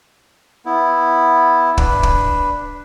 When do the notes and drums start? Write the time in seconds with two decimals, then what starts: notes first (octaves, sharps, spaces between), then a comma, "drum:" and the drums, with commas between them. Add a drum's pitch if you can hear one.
0.66 B3 E4
1.78 D4 B4, drum: kick
2.03 drum: kick